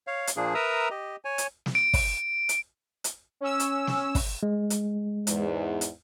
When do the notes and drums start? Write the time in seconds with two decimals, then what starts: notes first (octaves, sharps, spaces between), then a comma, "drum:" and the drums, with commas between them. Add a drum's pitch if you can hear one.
0.07 C#5 F5
0.27 drum: hi-hat
0.37 A#2 F3 A#3 D4 G#4
0.54 A#4 B4 E5 A#5 D#6 E6
0.90 G4 D#5
1.25 C#5 G#5
1.38 drum: hi-hat
1.66 drum: snare
1.75 D7
1.93 drum: kick, open hi-hat
2.49 drum: hi-hat
3.04 drum: hi-hat
3.41 C#4 E6
3.60 drum: hi-hat
3.87 drum: snare
4.15 drum: kick, open hi-hat
4.43 G#3
4.70 drum: hi-hat
5.27 E2 G#2, drum: hi-hat
5.81 drum: hi-hat